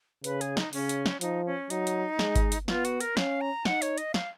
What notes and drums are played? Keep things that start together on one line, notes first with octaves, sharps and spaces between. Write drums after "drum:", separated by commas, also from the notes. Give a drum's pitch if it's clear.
C#3 B4, drum: hi-hat
G#4, drum: hi-hat
D#4, drum: snare
C#3 C#4, drum: open hi-hat
drum: hi-hat
drum: snare
F3 D#4, drum: hi-hat
C#4
F#3 D#4, drum: hi-hat
drum: hi-hat
G#3, drum: snare
drum: kick G1, hi-hat
drum: hi-hat
B3 F4, drum: snare
F#4, drum: hi-hat
A#4, drum: hi-hat
C#4 F5, drum: snare
A#5
D#4 F#5, drum: snare
C#5, drum: hi-hat
D#5, drum: hi-hat
F5, drum: snare